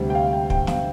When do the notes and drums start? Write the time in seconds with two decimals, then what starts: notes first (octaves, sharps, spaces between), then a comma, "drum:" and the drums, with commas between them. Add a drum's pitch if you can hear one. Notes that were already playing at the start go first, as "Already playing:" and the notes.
Already playing: D2 C3 G3
0.10 G5
0.15 F5
0.33 G5
0.50 G5, drum: kick
0.67 F5, drum: snare